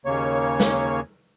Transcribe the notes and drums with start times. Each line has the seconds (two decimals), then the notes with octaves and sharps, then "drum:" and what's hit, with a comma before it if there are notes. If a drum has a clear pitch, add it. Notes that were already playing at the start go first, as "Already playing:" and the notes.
0.05 D#2 C#3 A#3 C#5
0.60 drum: snare